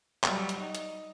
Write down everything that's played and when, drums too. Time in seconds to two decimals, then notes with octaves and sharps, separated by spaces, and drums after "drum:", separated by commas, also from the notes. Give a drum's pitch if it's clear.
0.24 F#3 G3, drum: clap
0.49 drum: hi-hat
0.59 D#4
0.75 drum: hi-hat